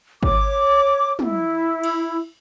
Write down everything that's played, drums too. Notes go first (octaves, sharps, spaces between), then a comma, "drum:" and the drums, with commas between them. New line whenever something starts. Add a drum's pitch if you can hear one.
C#5 D6, drum: kick G#1
E4, drum: tom
drum: cymbal